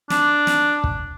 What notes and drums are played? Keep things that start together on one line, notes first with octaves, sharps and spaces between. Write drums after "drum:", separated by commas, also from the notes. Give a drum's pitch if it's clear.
D4, drum: snare
drum: snare
drum: kick